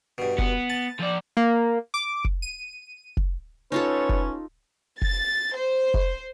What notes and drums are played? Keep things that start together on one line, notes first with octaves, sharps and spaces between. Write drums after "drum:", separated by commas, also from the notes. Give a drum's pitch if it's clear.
G2 B2
B3, drum: kick F1
A5
F3 D5
A#3
D6
drum: kick F1
D#7
drum: kick F1
C#4 D#4 F4 A4 B4 C#5
drum: kick F1
A6, drum: kick F1
C5
drum: kick F1